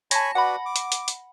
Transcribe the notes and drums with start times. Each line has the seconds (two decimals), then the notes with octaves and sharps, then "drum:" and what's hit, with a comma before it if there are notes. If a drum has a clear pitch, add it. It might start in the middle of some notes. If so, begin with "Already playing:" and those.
0.11 C#5 G#5 A5 B5 A#6, drum: hi-hat
0.35 F#4 B4 D5 F#5 B5
0.65 D6
0.76 drum: hi-hat
0.92 drum: hi-hat
1.08 drum: hi-hat